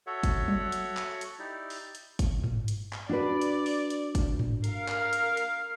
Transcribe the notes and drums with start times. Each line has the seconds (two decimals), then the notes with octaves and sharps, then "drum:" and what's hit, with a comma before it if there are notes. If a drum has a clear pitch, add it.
0.07 F#4 A4 C#5 E5 F#5
0.23 drum: kick, hi-hat
0.48 drum: tom F#3
0.72 drum: hi-hat
0.97 drum: clap
1.21 drum: hi-hat
1.39 D#4 E4 G4 D5
1.70 drum: open hi-hat
1.95 drum: hi-hat
2.19 drum: kick, hi-hat
2.44 drum: tom G#2
2.68 drum: hi-hat
2.93 drum: clap
3.09 D4 F#4 B4 D5
3.41 drum: hi-hat
3.66 drum: open hi-hat
3.90 drum: hi-hat
4.15 drum: kick, hi-hat
4.39 drum: tom G#2
4.64 A#4 F5, drum: hi-hat
4.88 drum: clap
5.13 drum: hi-hat
5.37 drum: hi-hat